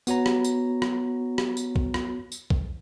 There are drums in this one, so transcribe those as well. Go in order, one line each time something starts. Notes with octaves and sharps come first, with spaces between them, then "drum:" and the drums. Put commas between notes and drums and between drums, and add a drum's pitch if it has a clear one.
B3 F#4 C#5 A#5, drum: tambourine
drum: rim click
drum: tambourine
drum: rim click
drum: rim click
drum: tambourine
drum: kick B1
drum: rim click
drum: tambourine
drum: kick B1